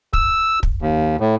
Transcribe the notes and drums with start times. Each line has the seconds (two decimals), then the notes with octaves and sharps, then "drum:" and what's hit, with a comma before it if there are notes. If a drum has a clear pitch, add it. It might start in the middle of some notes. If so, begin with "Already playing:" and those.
0.13 E6, drum: kick
0.63 drum: kick
0.82 D#2
1.20 A2